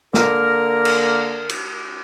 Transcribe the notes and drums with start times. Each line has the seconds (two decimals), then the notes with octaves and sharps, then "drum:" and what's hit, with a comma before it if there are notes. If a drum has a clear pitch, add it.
0.14 D3 A#3 A#4, drum: snare
0.85 drum: cymbal
1.49 drum: cymbal